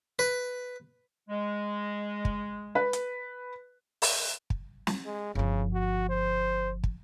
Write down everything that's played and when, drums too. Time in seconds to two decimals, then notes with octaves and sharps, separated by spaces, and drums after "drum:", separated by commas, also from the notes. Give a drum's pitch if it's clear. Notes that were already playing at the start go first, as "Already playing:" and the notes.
0.19 B4
1.29 G#3
2.25 drum: kick
2.75 B4
2.93 drum: hi-hat
4.02 drum: open hi-hat
4.50 drum: kick
4.87 drum: snare
5.06 G#3
5.35 G1 C#3 F3
5.74 F#4
6.10 C5
6.84 drum: kick